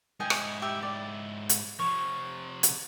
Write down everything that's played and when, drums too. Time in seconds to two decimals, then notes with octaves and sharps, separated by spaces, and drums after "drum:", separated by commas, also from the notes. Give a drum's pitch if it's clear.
0.20 G#2 E4 D#5 G5 G#5
0.30 drum: rim click
0.62 G4 E5
0.82 D5
1.49 drum: hi-hat
1.79 C3 F3 C#5
2.63 drum: hi-hat